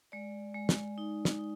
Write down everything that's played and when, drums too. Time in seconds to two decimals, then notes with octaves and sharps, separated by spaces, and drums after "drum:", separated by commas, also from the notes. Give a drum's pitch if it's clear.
0.12 G#3 D5
0.55 G#3
0.69 drum: snare
0.98 D#4
1.25 drum: snare
1.39 D#4